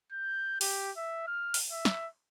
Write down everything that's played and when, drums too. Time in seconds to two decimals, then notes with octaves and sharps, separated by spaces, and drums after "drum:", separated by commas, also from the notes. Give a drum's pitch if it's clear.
0.12 G6
0.61 G4, drum: open hi-hat
0.97 E5
1.27 F6
1.54 drum: open hi-hat
1.72 E5
1.85 drum: snare